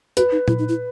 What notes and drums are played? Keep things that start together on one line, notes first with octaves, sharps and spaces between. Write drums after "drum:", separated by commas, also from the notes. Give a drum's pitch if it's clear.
F#4 B4, drum: hi-hat
D#4
E4, drum: tom A#2
D#4
E4